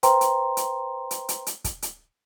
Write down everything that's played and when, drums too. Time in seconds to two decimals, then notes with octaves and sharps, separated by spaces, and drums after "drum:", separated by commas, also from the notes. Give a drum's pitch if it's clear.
0.03 B4 C5 G5 A#5 C6, drum: hi-hat
0.21 drum: hi-hat
0.57 drum: hi-hat
1.11 drum: hi-hat
1.29 drum: hi-hat
1.47 drum: hi-hat
1.64 drum: kick, hi-hat
1.82 drum: hi-hat